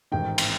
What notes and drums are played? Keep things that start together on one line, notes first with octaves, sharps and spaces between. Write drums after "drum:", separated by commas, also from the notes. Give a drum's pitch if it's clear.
A1 G#2 D#3 G5
drum: cymbal